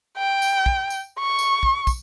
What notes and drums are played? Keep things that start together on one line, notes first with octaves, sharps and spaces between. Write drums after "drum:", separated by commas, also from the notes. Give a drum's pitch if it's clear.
G5
drum: tambourine
drum: kick
drum: tambourine
C#6
drum: tambourine
drum: kick
drum: kick, tambourine